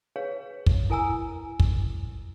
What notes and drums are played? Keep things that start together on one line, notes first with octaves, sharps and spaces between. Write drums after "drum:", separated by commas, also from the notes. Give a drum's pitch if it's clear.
G#4 B4 C#5 F5
drum: kick
E4 A#4 G#5 A#5 E6
drum: kick